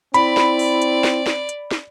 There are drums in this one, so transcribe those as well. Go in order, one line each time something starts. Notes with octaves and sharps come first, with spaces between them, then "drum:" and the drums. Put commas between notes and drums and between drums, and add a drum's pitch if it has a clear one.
C4 E4 D5 B5, drum: hi-hat
drum: snare
drum: open hi-hat
drum: hi-hat
drum: snare
drum: snare
drum: hi-hat
drum: snare